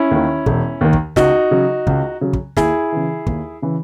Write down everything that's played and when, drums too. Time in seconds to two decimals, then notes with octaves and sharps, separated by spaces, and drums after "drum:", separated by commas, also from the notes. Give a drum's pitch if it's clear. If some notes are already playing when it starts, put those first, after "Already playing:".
Already playing: C#4 E4
0.11 D#2 D#3
0.46 E1, drum: kick
0.81 D#2 D#3
0.93 drum: kick
1.16 C#2 D#4 F#4, drum: snare
1.51 C#3 F#3
1.87 C#2, drum: kick
2.21 C#3 F#3
2.33 drum: kick
2.57 D#2 E4 G#4, drum: snare
2.92 C#3 E3
3.27 D#2, drum: kick
3.62 C#3 E3